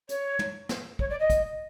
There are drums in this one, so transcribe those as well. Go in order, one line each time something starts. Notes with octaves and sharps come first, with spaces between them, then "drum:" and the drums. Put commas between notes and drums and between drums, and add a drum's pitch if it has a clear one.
C#5, drum: hi-hat
drum: tom
drum: snare
C#5, drum: kick
D5
D#5
drum: kick, hi-hat